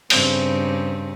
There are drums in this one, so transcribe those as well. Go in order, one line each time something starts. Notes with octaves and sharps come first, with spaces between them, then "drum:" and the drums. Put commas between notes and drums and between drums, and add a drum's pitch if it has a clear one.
G2 C#3 C4, drum: open hi-hat